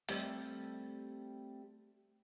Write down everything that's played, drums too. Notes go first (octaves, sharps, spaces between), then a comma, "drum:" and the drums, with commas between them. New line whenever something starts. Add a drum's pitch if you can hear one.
G3 A3 C4 G4 A4, drum: open hi-hat